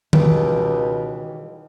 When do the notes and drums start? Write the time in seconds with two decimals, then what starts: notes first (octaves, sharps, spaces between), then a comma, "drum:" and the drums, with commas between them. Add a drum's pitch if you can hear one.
0.13 C#2 B2 D#3 E3 G3, drum: tom